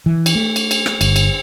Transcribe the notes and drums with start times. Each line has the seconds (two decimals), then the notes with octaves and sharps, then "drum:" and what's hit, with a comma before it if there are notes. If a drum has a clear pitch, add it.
0.06 E3
0.26 drum: cymbal
0.35 A3
0.56 drum: cymbal
0.71 drum: cymbal
0.86 drum: rim click
1.01 G1, drum: cymbal
1.16 drum: cymbal